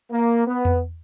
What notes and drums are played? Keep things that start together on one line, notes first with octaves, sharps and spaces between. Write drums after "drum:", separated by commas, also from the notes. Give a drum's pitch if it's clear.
A#3
B3
drum: tom E2